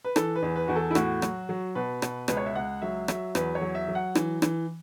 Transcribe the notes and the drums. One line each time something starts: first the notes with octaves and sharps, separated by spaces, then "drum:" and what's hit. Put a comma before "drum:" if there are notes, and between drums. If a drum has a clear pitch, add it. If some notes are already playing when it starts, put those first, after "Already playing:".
B4
E3 A4, drum: rim click
B4
E2
B4
E2 F#4
A4
E4
A2 F#4, drum: rim click
F#3, drum: rim click
F#3
B2 B4
B2, drum: rim click
C#2 B4, drum: rim click
C#5
E5
C#2 F#5
F#3 E5
F#3 E5, drum: rim click
E2 B4, drum: rim click
C#5
F#3
E5
F#3
F#5
E3, drum: rim click
E3, drum: rim click